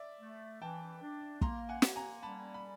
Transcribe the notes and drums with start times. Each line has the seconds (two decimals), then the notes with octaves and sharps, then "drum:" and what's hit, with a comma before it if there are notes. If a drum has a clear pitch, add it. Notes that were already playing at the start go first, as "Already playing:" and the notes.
Already playing: D5 E5
0.21 A3
0.62 E3 G5 A5
1.02 D4
1.41 A#3 A#5 C6, drum: kick
1.69 F#5 G#5
1.82 A#3, drum: snare
1.96 G#5 A#5
2.22 G3 A5 B5
2.54 B5